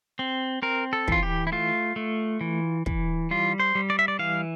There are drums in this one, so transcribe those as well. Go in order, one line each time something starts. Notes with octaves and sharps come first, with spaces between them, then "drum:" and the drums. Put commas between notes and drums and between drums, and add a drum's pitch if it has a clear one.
C4
C4 A#4
A4
E3 F4, drum: kick
G4
E4
A3 F4
A3
E3
E3, drum: kick
G3 F4
C5
G3
D5
E5
D5
E3 F5